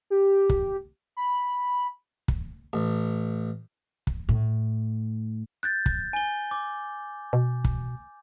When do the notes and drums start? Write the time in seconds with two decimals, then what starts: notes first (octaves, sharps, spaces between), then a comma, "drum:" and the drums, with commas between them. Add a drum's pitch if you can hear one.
0.10 G4
0.50 drum: kick
1.17 B5
2.28 drum: kick
2.73 A1
4.07 drum: kick
4.29 A2
5.63 F#6 G6 A6
5.86 drum: kick
6.13 G#5 G7
6.51 D6
7.33 B2
7.65 drum: kick